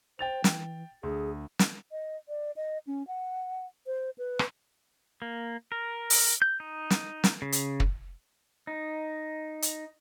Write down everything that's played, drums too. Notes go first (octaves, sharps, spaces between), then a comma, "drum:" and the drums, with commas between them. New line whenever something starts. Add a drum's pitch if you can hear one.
C5 G5 A6 F7
E3, drum: snare
D2 G#4
drum: snare
D#5
D5
D#5
C#4
F#5
C5
B4
drum: rim click
A#3
A#4
drum: open hi-hat
G6
D#4
drum: snare
drum: snare
C#3
drum: hi-hat
drum: kick
D#4
drum: hi-hat